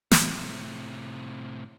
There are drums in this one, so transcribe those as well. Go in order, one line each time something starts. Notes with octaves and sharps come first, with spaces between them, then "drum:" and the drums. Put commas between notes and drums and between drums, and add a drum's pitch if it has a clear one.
A2 C3, drum: snare